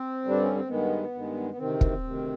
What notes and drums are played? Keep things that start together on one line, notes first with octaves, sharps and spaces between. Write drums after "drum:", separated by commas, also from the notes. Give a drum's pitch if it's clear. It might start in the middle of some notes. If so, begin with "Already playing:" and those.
Already playing: C4
G2 D3 G3 D4
C#4
C4
G2 D#3 G#3 B3
G2 D#3 G#3
B3
D2 C3 D#3 C4
drum: kick
D2 C3 D#3